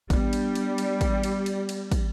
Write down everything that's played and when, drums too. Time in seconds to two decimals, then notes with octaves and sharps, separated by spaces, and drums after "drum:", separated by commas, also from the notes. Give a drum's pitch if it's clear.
0.10 G3 B3 D4, drum: kick, cymbal
0.33 drum: cymbal
0.55 drum: cymbal
0.78 drum: cymbal
1.01 drum: kick, cymbal
1.23 drum: cymbal
1.46 drum: cymbal
1.69 drum: cymbal
1.92 drum: kick, cymbal